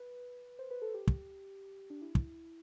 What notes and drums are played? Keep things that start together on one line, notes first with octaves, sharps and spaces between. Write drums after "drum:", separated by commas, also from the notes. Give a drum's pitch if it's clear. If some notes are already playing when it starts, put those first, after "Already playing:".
Already playing: B4
C5
B4
A4
G4
drum: kick
D4
E4
drum: kick